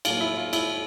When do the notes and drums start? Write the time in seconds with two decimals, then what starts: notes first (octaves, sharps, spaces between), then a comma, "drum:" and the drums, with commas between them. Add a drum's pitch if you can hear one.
0.05 A2 F#3 A#3 F4, drum: cymbal
0.21 E4
0.37 F4
0.53 E4, drum: cymbal